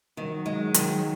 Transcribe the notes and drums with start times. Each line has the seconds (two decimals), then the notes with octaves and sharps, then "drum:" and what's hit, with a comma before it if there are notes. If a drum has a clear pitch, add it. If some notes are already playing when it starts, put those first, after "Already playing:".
0.17 D#3 F#3
0.46 G#3
0.74 D#3, drum: hi-hat